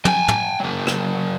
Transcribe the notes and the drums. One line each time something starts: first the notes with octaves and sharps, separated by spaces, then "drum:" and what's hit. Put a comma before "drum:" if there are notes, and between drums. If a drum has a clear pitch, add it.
G5 G#5, drum: tom
drum: tom
F#3 A#3
drum: rim click